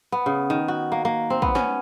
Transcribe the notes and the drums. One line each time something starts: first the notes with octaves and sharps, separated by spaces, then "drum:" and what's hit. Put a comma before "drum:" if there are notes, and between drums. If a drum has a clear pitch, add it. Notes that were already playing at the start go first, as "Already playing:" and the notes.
B3
C#3
D#3
F#4
A#3
A#3
C4
B3, drum: kick
C#4, drum: snare